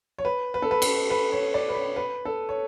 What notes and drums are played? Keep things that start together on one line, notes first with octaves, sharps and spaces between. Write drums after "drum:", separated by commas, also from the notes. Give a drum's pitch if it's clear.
C#5
B4
B4
A4
B4
A4, drum: cymbal
B4
C#5
D5
B4
C#5
B4
A4
C#5